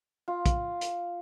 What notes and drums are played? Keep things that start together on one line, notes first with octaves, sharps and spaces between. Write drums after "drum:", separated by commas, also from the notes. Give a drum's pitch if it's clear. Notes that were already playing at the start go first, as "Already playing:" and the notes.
F4
drum: kick, hi-hat
drum: hi-hat